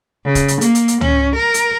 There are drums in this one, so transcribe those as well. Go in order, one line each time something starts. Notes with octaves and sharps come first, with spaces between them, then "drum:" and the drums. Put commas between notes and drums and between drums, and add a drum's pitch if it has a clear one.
C#3
drum: kick, hi-hat
drum: hi-hat
A#3, drum: hi-hat
drum: hi-hat
drum: hi-hat
C#4, drum: tom C#2
A#4
drum: hi-hat